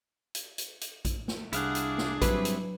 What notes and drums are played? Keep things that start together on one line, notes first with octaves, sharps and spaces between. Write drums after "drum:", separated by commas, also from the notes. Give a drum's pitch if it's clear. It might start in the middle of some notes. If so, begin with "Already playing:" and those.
drum: hi-hat
drum: hi-hat
drum: hi-hat
drum: kick A#1, hi-hat
drum: snare
C2 D4 E4 G#4 F5 F#5, drum: hi-hat
drum: hi-hat
drum: snare
F#3 G3 C4 E4 B4, drum: kick A#1, hi-hat
drum: hi-hat